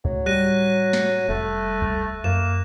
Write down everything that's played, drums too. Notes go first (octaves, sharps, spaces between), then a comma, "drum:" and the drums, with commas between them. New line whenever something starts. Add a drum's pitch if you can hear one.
A2 F#3, drum: kick C#2
G3 F#6 A#6 D#7
drum: snare
F1 A3
drum: kick C#2
F#2 A#3 E7